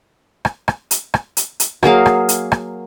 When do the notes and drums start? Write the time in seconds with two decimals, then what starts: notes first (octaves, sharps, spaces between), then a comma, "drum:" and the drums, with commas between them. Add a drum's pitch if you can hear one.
0.45 drum: rim click
0.68 drum: rim click
0.91 drum: hi-hat
1.14 drum: rim click
1.37 drum: hi-hat
1.60 drum: hi-hat
1.83 F#3 A#3 G#4 F5, drum: rim click
2.06 drum: rim click
2.29 drum: hi-hat
2.52 drum: rim click